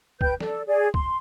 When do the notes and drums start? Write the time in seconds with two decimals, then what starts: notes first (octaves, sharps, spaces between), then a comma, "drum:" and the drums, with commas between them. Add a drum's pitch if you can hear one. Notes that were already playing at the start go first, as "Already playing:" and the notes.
0.21 B4 G5 G6, drum: kick
0.41 A4 D5, drum: snare
0.66 G#4 D5
0.94 C6, drum: kick